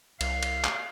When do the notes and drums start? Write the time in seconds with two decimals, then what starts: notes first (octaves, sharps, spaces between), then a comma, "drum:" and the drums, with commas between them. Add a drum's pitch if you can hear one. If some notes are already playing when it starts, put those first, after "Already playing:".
0.21 C2 F5, drum: cymbal
0.43 drum: cymbal
0.64 drum: clap